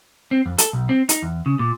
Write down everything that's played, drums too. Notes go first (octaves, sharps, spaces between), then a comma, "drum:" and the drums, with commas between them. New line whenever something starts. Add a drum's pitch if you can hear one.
C4
F2
A4, drum: hi-hat
B1
C4
D#4, drum: hi-hat
E2
C#3
A#2